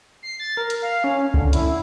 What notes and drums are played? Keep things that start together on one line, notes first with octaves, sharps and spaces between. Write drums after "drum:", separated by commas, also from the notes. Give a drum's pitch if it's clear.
C7
A6
A#4
drum: hi-hat
F5
C#4
D3, drum: kick C#2
E4, drum: hi-hat